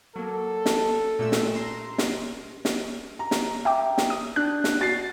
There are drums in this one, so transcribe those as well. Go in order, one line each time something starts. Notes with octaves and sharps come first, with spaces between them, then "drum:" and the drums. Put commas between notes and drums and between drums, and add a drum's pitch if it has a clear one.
F#3 A#3 A4
drum: snare
A#2 A3 E6
drum: snare
A#5 C6
drum: snare
drum: snare
A#5
drum: snare
E5 G5 D6
drum: snare
D#6
D4 F#6
drum: snare
F#4 A6 C7